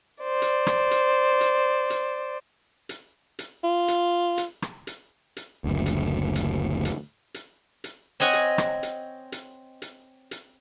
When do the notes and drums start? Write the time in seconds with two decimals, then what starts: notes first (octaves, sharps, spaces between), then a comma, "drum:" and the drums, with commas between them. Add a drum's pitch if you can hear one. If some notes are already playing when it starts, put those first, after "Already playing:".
0.23 C5 D5
0.42 drum: hi-hat
0.67 drum: rim click
0.91 drum: hi-hat
1.41 drum: hi-hat
1.90 drum: hi-hat
2.89 drum: hi-hat
3.39 drum: hi-hat
3.63 F4
3.88 drum: hi-hat
4.38 drum: hi-hat
4.62 drum: rim click
4.87 drum: hi-hat
5.37 drum: hi-hat
5.64 F#1 D2
5.86 drum: hi-hat
6.35 drum: hi-hat
6.85 drum: hi-hat
7.34 drum: hi-hat
7.84 drum: hi-hat
8.20 C4 C#5 D#5 F#5 G#5
8.33 drum: hi-hat
8.58 drum: rim click
8.83 drum: hi-hat
9.32 drum: hi-hat
9.82 drum: hi-hat
10.31 drum: hi-hat